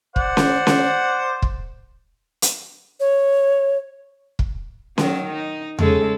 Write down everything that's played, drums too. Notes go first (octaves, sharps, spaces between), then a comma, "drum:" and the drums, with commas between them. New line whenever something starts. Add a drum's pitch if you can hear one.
C5 D5 F#5, drum: kick
drum: snare C#4
drum: snare C#4
drum: kick
drum: hi-hat
C#5
drum: kick
D#3 F#3, drum: snare C#4
D#4
C#3 G#3 A4, drum: tom E2